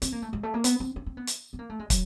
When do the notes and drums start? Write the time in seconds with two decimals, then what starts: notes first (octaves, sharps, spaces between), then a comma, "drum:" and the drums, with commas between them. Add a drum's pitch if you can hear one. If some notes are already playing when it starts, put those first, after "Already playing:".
0.02 C4, drum: hi-hat
0.12 A#3
0.22 A3
0.33 G#3
0.43 A3
0.54 A#3
0.64 B3, drum: hi-hat
0.80 C4
0.96 C#4
1.06 C4
1.17 B3
1.27 drum: hi-hat
1.53 B3
1.59 A#3
1.70 A3
1.79 G#3
1.90 F#3, drum: kick, hi-hat